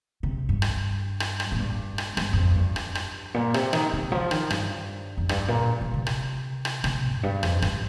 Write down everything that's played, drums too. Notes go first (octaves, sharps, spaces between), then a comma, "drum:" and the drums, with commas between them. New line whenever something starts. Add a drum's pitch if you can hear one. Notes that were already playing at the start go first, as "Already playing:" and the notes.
C3
G2
drum: rim click
drum: rim click
drum: rim click
A#2
G2
drum: rim click
G2, drum: rim click
G2
F2
A#2
G2
drum: rim click
drum: rim click
A#2
C3, drum: rim click
D#3, drum: rim click
C3
F3
D#3, drum: rim click
G2, drum: rim click
F2
G2, drum: rim click
A#2
A#2
C3
drum: rim click
drum: rim click
C3, drum: rim click
F2
G2
F2, drum: rim click
G2, drum: rim click